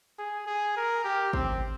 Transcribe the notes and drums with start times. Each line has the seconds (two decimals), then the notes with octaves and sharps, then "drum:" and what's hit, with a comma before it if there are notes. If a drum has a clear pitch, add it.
0.19 G#4
0.47 G#4
0.77 A#4
1.04 G4
1.33 C4, drum: kick